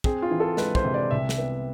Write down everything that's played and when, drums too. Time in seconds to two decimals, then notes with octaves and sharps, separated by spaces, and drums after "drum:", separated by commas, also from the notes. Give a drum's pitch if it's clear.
0.04 C4 G#4, drum: kick
0.22 F4
0.30 E3
0.40 A4
0.57 G#3 B4, drum: snare
0.75 C5, drum: kick
0.84 C3
0.94 D5
1.11 C2 E5
1.29 drum: snare
1.38 B3